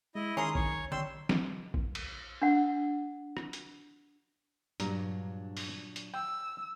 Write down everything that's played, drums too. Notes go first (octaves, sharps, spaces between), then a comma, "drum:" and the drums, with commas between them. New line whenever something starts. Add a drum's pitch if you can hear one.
G#3 E4 D#5
D#3 C#4 G#4 A#4 C6 D#6
C#5, drum: kick A1
G3 C#5 C6 E6, drum: tom
drum: snare
drum: kick A1
drum: cymbal
D4 F#5
drum: rim click
drum: hi-hat
G2 A#2 F#3 D4 A#5, drum: hi-hat
drum: open hi-hat
drum: hi-hat
G5 E6